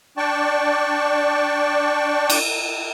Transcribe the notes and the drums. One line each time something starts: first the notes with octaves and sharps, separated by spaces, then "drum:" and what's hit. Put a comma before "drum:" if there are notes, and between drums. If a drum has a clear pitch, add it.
D4 D5 G5 A5 C#6
drum: cymbal